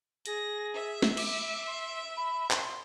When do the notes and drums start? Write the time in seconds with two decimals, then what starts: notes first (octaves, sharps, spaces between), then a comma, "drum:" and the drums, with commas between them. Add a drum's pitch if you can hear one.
0.26 G#4 A#6, drum: hi-hat
0.75 E5
1.02 drum: snare
1.17 D6, drum: cymbal
1.67 C6
2.16 B5
2.51 C6, drum: clap